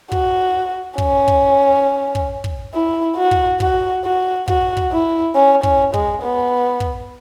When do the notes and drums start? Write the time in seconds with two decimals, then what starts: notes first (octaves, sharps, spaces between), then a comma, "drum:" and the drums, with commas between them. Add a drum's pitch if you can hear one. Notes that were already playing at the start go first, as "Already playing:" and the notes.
0.12 F#4, drum: kick
0.98 C#4, drum: kick
1.28 drum: kick
2.15 drum: kick
2.44 drum: kick
2.74 E4
3.16 F#4
3.31 drum: kick
3.60 F#4, drum: kick
4.04 F#4
4.48 F#4, drum: kick
4.77 drum: kick
4.91 E4
5.35 C#4
5.63 C#4, drum: kick
5.94 G#3, drum: kick
6.21 B3
6.80 drum: kick